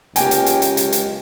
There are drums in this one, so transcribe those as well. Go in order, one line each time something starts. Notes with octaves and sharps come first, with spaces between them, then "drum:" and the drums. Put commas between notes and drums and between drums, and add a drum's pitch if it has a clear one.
C#2 F#3 A#3 G4 G5 G#5, drum: hi-hat
drum: hi-hat
drum: hi-hat
drum: hi-hat
drum: hi-hat
drum: hi-hat